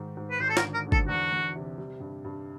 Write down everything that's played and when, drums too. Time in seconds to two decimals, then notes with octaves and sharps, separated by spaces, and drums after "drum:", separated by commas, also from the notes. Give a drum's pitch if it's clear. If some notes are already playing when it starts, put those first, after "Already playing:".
Already playing: G#2 D#3
0.17 G#2
0.31 B4
0.39 G#1 C5
0.49 A4
0.57 A#4, drum: snare
0.62 D3
0.74 A#4
0.86 D3
0.92 A4, drum: kick G1
1.08 E2 F#4
1.32 E2
1.55 C3
1.78 G3
2.00 G2
2.24 G2